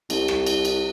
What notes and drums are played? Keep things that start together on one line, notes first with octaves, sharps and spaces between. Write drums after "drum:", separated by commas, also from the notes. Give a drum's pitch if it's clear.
C2, drum: cymbal
drum: rim click
drum: cymbal
drum: cymbal